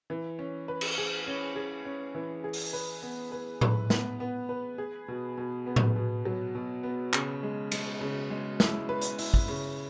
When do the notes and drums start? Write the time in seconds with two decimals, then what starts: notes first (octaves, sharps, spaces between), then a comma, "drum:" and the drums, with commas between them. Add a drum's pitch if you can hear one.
0.10 E3
0.39 C#4
0.68 B4
0.81 drum: cymbal
0.98 G#4
1.27 C#4
1.56 G#4
1.85 C#4
2.15 E3
2.44 G#4
2.53 drum: open hi-hat
2.73 B4
3.02 B3
3.32 B4
3.61 B4, drum: tom A2
3.90 B3, drum: snare
4.20 B3
4.49 B4
4.78 G#4
5.08 B2
5.37 B2
5.66 B3
5.76 drum: tom A2
5.96 B2
6.25 F#3
6.55 B2
6.83 B3
7.13 C#3, drum: clap
7.43 G#3
7.72 G#3, drum: cymbal
8.01 C#3
8.30 G#3
8.60 E4, drum: snare
8.89 B4
9.02 drum: hi-hat
9.18 E4, drum: open hi-hat
9.34 drum: kick
9.48 C#3